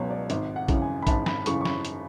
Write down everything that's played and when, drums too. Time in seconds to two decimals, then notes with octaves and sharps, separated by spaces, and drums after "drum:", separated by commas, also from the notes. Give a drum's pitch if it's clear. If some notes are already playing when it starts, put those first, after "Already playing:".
Already playing: C#2 B2 F#3 C#5
0.10 D5
0.30 G#1, drum: hi-hat
0.56 F#5
0.68 F#2 C#3 E3, drum: kick A#1, hi-hat
0.82 G#5
1.02 B5
1.07 G#1 A5, drum: kick A#1, hi-hat
1.26 B5, drum: snare
1.46 F#2 C#3 E3 C#6, drum: hi-hat
1.61 C#6
1.65 B5, drum: snare
1.85 drum: hi-hat